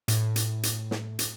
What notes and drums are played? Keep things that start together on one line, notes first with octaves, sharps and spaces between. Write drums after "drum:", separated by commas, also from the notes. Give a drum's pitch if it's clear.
A2, drum: hi-hat
drum: hi-hat
drum: hi-hat
drum: snare
drum: hi-hat